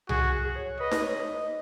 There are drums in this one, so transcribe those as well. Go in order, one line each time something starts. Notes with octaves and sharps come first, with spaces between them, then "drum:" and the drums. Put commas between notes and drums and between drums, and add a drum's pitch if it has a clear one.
F#4 G#4, drum: tom C2
G#4
G#4
G#4
C#5
B4 D#5
B4, drum: snare D#4
C#5
D#5